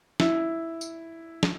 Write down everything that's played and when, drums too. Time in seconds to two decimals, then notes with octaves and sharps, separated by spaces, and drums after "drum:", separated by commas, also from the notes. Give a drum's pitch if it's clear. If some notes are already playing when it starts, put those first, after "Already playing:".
0.20 E4, drum: snare
0.81 drum: tambourine
1.43 drum: snare